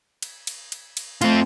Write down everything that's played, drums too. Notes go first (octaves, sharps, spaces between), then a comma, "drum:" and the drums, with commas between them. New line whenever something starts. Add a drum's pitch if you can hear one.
drum: cymbal
drum: cymbal
drum: cymbal
drum: cymbal
A3 C4 F4, drum: cymbal